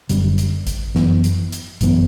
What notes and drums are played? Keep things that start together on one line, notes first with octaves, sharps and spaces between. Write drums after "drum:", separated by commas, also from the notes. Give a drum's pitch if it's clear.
F#1 F#2 D3 G3, drum: hi-hat
drum: hi-hat
drum: kick G#1, hi-hat
G1 F#2 E3 B3, drum: snare
drum: hi-hat
drum: hi-hat
G1 F#2 E3 B3, drum: kick G#1, hi-hat